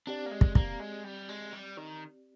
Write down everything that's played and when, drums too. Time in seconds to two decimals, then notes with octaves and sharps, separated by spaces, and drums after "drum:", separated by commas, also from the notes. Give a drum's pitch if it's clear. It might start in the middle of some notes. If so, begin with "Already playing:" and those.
0.07 C4 D4 G4 D5
0.26 A#3
0.31 G#3
0.41 drum: kick
0.55 A#3, drum: kick
0.80 G#3
1.04 G3
1.29 G#3
1.53 G3
1.77 D#3